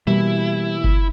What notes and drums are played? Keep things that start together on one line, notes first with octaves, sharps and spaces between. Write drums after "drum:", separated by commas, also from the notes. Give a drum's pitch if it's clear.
B2 E3 G3 A#3 B3 E4
drum: kick G1